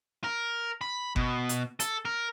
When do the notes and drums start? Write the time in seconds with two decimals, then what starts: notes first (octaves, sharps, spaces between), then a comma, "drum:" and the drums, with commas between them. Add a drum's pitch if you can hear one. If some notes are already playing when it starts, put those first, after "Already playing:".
0.24 A#4
0.81 B5
1.16 B2, drum: kick G1
1.49 drum: hi-hat
1.80 A4, drum: hi-hat
2.05 A#4